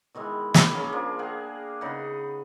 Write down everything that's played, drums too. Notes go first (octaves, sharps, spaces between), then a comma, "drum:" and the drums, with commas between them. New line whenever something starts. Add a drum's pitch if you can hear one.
B2 D#3 E3 G#3
G4 G#4 C#5 B5, drum: snare
A#3 C#4 G#4 A#4
F3 A#3 D4
G#4 A#4 F#5 G5
C#3 B3 D#4